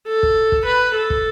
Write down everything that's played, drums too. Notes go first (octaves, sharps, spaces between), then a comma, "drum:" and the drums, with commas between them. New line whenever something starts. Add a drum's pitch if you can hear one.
A4
drum: kick
drum: kick
B4
A4
drum: kick